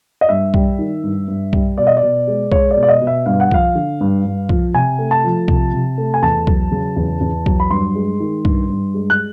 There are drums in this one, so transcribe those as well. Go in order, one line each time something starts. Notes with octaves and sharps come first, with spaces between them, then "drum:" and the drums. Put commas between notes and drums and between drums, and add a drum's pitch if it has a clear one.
D#5
G2 E5
G3, drum: kick B1
D#3
G2
G2
G3, drum: kick B1
B2 D5
D#5
D5
B2
G#3
G#3 C#5, drum: kick B1
D5
B2
D5
D#5
B2
E5
G2 F5
F#5
F3 F5, drum: kick B1
D3
G2
G2
F3, drum: kick B1
C3 G#5
A3
A5
F3
C3, drum: kick B1
C3
A3
G#5
E2 A5
F#3, drum: kick B1
C#3
E2
E2
F#3, drum: kick B1
B5
G2 C6
G#3
D#3
G2, drum: kick B1
G2
G#3
F#6